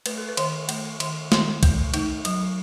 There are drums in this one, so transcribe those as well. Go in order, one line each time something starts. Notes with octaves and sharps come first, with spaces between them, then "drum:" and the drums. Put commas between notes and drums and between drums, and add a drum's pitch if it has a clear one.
A3 B4, drum: cymbal
A4
B4
D#3, drum: cymbal
A3, drum: cymbal
D#3, drum: cymbal
D#3, drum: snare
A3, drum: kick B1, cymbal
A3 D#4, drum: cymbal
F#3, drum: cymbal